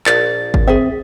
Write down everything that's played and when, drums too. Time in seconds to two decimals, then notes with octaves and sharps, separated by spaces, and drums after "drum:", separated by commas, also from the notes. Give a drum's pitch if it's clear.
0.06 A#1 A6, drum: clap
0.54 drum: kick G#1
0.67 C4 G#4 E5